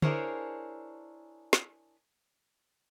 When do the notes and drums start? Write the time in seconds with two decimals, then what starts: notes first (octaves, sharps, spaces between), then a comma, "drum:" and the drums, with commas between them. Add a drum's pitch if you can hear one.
0.02 D4 E4 G#4 A#4 C5 C#5, drum: tom
1.53 drum: snare